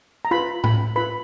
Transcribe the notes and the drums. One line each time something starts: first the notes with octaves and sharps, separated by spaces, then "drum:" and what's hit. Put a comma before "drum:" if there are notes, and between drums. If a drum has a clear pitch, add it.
A#5
F4 B4 B5
B5, drum: tom A2
F4 B4 B5